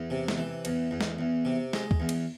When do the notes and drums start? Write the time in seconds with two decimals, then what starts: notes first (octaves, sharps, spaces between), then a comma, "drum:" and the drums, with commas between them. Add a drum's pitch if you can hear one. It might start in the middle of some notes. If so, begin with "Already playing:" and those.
Already playing: E2
0.10 C3
0.28 drum: snare
0.38 E3
0.65 E2, drum: cymbal
0.91 E2
1.01 drum: snare
1.19 E2
1.45 C3
1.73 G#3, drum: snare
1.91 drum: kick D2
2.00 E2
2.09 drum: cymbal